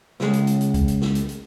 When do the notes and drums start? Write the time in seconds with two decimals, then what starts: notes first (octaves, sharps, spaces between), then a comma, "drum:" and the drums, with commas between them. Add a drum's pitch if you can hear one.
0.20 C#2 G#3, drum: snare
0.33 drum: hi-hat
0.47 drum: hi-hat
0.61 drum: hi-hat
0.74 drum: kick C2, hi-hat
0.88 drum: hi-hat
1.02 drum: snare
1.15 drum: hi-hat
1.29 drum: hi-hat